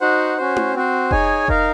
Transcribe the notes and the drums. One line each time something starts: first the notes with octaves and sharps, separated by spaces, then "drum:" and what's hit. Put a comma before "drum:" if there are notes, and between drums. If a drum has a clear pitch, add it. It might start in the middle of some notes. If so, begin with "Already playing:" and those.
D#4 F#4 C5 F#5
C#4 F#4 C5
drum: tom E4
C4 F#4 C5
D#4 G#4 C#5 G#5, drum: kick F1
D#4 A#4 F5, drum: kick F1